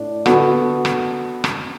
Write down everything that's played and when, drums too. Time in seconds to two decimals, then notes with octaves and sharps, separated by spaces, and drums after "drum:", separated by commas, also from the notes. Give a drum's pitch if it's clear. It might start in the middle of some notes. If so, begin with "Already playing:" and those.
Already playing: A2 D4
0.26 D3 B3 F#4 A4, drum: rim click
0.85 drum: rim click
1.44 drum: rim click